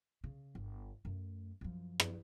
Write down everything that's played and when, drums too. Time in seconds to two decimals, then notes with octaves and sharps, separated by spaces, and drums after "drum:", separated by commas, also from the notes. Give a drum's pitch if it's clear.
0.24 C#3
0.55 G1
1.05 F#2 A3
1.61 F#2 F3
2.00 drum: rim click